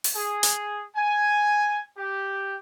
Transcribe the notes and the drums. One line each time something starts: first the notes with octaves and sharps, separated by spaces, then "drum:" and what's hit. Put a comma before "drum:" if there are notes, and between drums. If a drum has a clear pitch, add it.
drum: open hi-hat
G#4
drum: hi-hat
G#5
G4